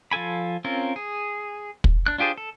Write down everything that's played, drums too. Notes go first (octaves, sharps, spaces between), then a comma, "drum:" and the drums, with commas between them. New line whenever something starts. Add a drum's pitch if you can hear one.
F3 F4 A4 G#5 B5
C4 C#4 F4 A#4
G#4
drum: kick
D4 F#6
D4 F4 G4 G#4 C5
A4